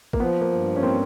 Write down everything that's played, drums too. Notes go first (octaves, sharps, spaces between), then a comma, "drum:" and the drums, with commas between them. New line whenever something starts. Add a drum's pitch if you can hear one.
A#3, drum: kick
F3 B3
A#3
G2
C#4
A#3 C4